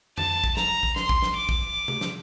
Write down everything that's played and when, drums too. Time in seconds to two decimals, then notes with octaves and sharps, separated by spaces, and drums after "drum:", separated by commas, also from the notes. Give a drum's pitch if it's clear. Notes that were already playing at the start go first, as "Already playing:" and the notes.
0.18 A5, drum: tom F2
0.44 drum: kick
0.57 A#5, drum: snare
0.83 drum: kick
0.96 C6, drum: snare
1.09 drum: kick
1.22 drum: snare
1.36 D6
1.49 drum: kick
1.88 drum: tom
2.01 drum: snare